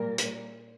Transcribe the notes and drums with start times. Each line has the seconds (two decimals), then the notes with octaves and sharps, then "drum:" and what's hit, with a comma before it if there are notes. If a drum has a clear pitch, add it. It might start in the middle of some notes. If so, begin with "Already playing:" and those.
Already playing: A#2 G3 A#4
0.18 drum: hi-hat